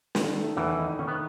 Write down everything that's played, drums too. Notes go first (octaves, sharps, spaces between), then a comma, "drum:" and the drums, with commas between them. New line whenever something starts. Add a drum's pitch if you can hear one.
D#3, drum: snare
A3
E2 D#3 E3
D#4
D#3 C#4
B3